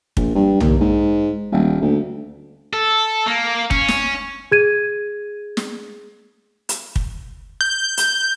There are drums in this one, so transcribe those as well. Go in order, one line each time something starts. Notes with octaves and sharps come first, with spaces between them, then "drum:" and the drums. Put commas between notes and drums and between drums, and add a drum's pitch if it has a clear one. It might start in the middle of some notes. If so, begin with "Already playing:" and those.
A#1, drum: kick
G2
D#2, drum: tom B1
G#2
D#1
D2
A4
A#3
C#4, drum: kick
drum: snare
G#4 G#6 D#7
drum: snare
drum: hi-hat
drum: kick
G6
drum: hi-hat